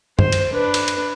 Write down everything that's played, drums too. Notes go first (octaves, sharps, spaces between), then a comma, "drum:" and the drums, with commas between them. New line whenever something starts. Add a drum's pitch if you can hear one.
C5, drum: tom F#2
drum: cymbal
D4 B4
drum: cymbal
drum: cymbal